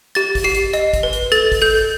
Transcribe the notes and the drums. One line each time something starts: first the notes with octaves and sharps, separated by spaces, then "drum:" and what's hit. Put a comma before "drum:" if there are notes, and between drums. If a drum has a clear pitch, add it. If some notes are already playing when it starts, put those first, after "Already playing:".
G4 A6, drum: hi-hat
drum: kick, open hi-hat
G4 C7
drum: hi-hat
D#5, drum: hi-hat
drum: kick, hi-hat
B4
drum: hi-hat
A4 A6, drum: hi-hat
drum: kick, open hi-hat
A4 G6